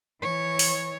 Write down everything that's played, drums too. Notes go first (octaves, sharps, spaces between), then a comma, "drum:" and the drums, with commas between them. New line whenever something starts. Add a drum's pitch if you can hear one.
E3 C#5
drum: open hi-hat